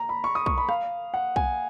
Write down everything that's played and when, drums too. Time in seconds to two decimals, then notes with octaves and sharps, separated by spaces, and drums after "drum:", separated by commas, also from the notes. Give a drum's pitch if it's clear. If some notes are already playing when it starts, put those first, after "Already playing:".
Already playing: A#5
0.09 B5
0.24 C#6
0.35 D#6
0.46 C#6, drum: kick
0.58 B5
0.69 F5, drum: rim click
1.14 F#5
1.36 G#5, drum: kick